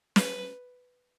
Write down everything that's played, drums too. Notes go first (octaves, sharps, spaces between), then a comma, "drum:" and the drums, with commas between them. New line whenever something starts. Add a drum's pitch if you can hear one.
B4, drum: snare